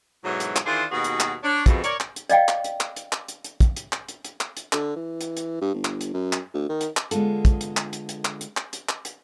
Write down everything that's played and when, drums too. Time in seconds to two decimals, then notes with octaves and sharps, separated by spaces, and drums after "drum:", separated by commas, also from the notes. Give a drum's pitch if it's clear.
0.24 G#2 B2 D3 E3 F#3
0.40 drum: hi-hat
0.56 drum: clap
0.66 D#3 E3 D4 F4 G#4 C5
0.91 D#2 B2 B3 D#4 F#4 G#4
1.04 drum: hi-hat
1.20 drum: clap
1.44 D4 C#5
1.66 F2 G#2 B2, drum: kick, hi-hat
1.84 A#4 C#5 D5, drum: hi-hat
2.00 drum: clap
2.16 drum: hi-hat
2.29 D5 D#5 F5 G5, drum: hi-hat
2.48 drum: clap
2.64 drum: hi-hat
2.80 drum: clap
2.96 drum: hi-hat
3.12 drum: clap
3.28 drum: hi-hat
3.44 drum: hi-hat
3.60 drum: kick, hi-hat
3.77 drum: hi-hat
3.93 drum: clap
4.09 drum: hi-hat
4.25 drum: hi-hat
4.41 drum: clap
4.57 drum: hi-hat
4.73 D3, drum: clap
4.96 E3
5.21 drum: hi-hat
5.37 drum: hi-hat
5.61 G2
5.74 G1
5.85 drum: clap
6.01 drum: hi-hat
6.14 F#2
6.33 drum: clap
6.54 D2
6.69 D#3
6.81 drum: hi-hat
6.97 drum: clap
7.11 D3 G#3 B3 F4 A4, drum: hi-hat
7.45 drum: kick, hi-hat
7.61 drum: hi-hat
7.77 drum: clap
7.93 drum: hi-hat
8.09 drum: hi-hat
8.25 drum: clap
8.41 drum: hi-hat
8.57 drum: clap
8.73 drum: hi-hat
8.89 drum: clap
9.05 drum: hi-hat